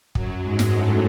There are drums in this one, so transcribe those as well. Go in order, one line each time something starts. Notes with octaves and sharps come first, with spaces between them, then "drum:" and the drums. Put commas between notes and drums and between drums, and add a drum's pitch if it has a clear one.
F#2 F#3, drum: kick
G#2 G#3
drum: snare
A2 A3